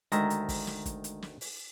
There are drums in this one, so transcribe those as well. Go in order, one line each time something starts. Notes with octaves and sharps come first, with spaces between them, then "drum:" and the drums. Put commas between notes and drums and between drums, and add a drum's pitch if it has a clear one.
D2 D#3 G#3 E5 A#5, drum: hi-hat
drum: hi-hat
drum: kick, open hi-hat
drum: snare
drum: kick, hi-hat
drum: hi-hat
drum: snare
drum: open hi-hat